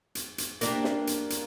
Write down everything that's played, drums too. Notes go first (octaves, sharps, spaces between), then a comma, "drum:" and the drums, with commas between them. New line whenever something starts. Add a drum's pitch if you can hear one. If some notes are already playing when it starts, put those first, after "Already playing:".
drum: hi-hat
drum: hi-hat
A#3 D4 G4, drum: hi-hat
drum: snare
drum: hi-hat
drum: hi-hat